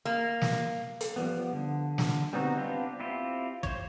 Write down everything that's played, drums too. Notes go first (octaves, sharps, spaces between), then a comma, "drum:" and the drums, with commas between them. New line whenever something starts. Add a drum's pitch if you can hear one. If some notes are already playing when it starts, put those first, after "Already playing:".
A#3
drum: snare
drum: hi-hat
F3 G3 B3
D3
drum: snare
G3 B3 C4 D#4 F#4
B3 C4 D4 F4 G4
C4 E4 F4 G4
C5 C#5, drum: kick